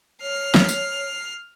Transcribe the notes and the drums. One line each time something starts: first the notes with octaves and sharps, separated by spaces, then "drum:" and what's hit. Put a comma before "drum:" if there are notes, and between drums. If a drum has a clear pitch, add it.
C#5 F6 C7
drum: snare
drum: tambourine